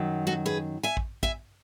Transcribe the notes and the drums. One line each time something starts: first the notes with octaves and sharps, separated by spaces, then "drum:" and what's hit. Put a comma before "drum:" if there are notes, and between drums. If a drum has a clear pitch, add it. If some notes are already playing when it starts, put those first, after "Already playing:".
Already playing: F#2 D#3 F#3
F#4 A4
G#4 B4
E5 G#5
drum: kick
E5 G#5, drum: kick